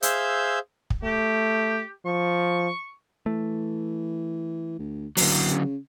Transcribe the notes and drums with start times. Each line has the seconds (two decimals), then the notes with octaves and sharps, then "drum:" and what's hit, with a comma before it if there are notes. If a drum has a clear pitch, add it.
0.02 G#4 C5 E5 F5 E6 G6, drum: hi-hat
0.90 drum: kick
1.03 A3 G4
2.05 F3 C#6
3.26 E3 A3
4.79 D2
5.17 F#1 D3 F#3, drum: open hi-hat
5.51 C#3